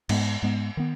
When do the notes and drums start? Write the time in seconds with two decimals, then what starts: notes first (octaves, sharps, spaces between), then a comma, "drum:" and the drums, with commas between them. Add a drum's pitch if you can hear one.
0.09 G#2 G#3 B3, drum: cymbal
0.43 G#2 G#3 B3
0.77 D#3 B3